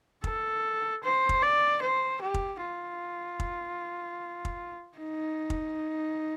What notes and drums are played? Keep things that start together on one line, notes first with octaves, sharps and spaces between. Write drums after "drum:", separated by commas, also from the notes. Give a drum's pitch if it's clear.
A4, drum: kick
C5
drum: kick
D5
C5
G4
drum: kick
F4
drum: kick
drum: kick
D#4
drum: kick